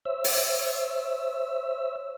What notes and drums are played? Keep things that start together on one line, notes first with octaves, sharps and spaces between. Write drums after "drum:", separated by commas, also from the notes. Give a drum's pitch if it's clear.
C5 C#5 E5 E6
drum: open hi-hat